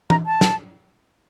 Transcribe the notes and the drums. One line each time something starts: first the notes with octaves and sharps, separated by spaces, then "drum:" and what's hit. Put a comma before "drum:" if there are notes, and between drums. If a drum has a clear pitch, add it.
A#5, drum: tom
A5
drum: snare